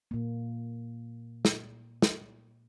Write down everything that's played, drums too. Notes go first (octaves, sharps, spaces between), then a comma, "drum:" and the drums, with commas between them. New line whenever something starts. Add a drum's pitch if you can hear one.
A#2 A#3
drum: snare
drum: snare